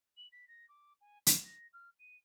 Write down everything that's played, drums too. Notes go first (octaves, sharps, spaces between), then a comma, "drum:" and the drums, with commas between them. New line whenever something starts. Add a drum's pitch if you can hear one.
F#7
B6
A#6
D6
G#5
C7, drum: hi-hat
A#6
F6
D#7